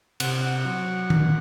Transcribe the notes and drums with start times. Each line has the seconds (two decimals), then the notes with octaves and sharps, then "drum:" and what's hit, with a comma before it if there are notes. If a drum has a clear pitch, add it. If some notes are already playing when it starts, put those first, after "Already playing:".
0.20 C3 F#5, drum: cymbal
0.42 F#5
0.65 F#3
1.10 A#2, drum: tom D#3